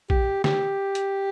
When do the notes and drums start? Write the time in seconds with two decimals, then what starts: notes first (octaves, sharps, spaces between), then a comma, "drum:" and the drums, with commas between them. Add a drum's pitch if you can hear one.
0.10 G4, drum: kick A#1
0.44 G4, drum: snare
0.95 drum: hi-hat